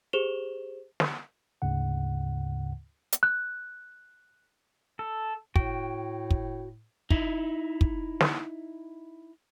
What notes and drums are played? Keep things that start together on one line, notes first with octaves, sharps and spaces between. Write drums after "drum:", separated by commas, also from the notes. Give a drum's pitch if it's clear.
G4 G#4 C5 E7 F7 G7
drum: snare
D2 G#2 C#3 F#5
drum: hi-hat
F#6
A4
A2 F#4 G5, drum: kick
drum: kick
D#4 E4, drum: kick
drum: kick
drum: snare